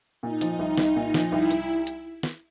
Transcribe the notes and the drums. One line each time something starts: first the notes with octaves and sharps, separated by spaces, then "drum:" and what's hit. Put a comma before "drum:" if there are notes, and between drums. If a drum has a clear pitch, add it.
A#2 D#4
F3, drum: hi-hat
C2
C2, drum: snare
A#2
F3, drum: snare
C2 E4
C2, drum: hi-hat
drum: hi-hat
drum: snare